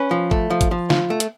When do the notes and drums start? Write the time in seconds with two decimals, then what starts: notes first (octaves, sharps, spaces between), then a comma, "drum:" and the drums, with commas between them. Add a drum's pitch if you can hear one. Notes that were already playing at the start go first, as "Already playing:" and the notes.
Already playing: C#4 B4
0.11 F3
0.31 A3, drum: kick
0.50 F3
0.61 drum: kick, hi-hat
0.71 F3
0.90 F4, drum: snare
1.10 A3
1.20 drum: hi-hat